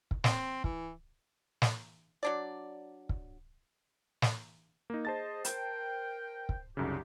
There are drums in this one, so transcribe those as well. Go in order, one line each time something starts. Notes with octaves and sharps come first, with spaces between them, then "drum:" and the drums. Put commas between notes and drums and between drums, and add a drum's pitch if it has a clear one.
drum: kick
C4, drum: snare
E3, drum: kick
drum: snare
F#3 D4 D5
drum: kick
drum: snare
A#3 D#4
G#4 C5 D#5 A5 A6
A#4 G5, drum: hi-hat
drum: kick
C2 F#2 C#3 D#4 G4